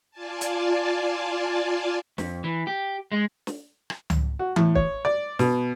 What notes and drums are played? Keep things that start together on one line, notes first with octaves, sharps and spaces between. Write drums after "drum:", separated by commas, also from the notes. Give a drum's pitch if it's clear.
F4 D5 G#5 A5
drum: hi-hat
F2, drum: snare
E3
G4
G#3
drum: snare
drum: rim click
drum: tom C#2
F#4
A2, drum: tom E3
C#5, drum: kick
D5
B2, drum: snare